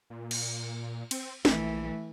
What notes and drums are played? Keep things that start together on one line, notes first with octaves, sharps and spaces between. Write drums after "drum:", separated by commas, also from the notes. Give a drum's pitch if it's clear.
A#2
drum: cymbal
C4, drum: cymbal
A#1 E3 A3, drum: snare